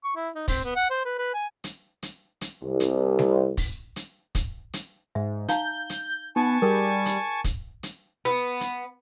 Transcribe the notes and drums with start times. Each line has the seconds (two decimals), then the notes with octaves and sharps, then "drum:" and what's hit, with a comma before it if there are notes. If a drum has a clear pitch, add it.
0.04 C#6
0.16 E4
0.35 D#4
0.48 C4, drum: kick, open hi-hat
0.64 B3
0.76 F#5
0.90 C5
1.05 B4
1.18 B4
1.34 G#5
1.64 drum: hi-hat
2.03 drum: hi-hat
2.41 drum: hi-hat
2.64 C2
2.80 drum: hi-hat
3.19 drum: snare G3
3.57 drum: kick, open hi-hat
3.96 drum: hi-hat
4.35 drum: kick, hi-hat
4.73 drum: hi-hat
5.15 G#2 E5
5.49 D#4 F5 A#5 G6, drum: hi-hat
5.90 drum: hi-hat
6.36 B3 D#4 G#5 A5 C#6
6.62 G3 G#4 A#4
7.06 drum: hi-hat
7.44 drum: kick, hi-hat
7.83 drum: hi-hat
8.25 B3
8.61 drum: hi-hat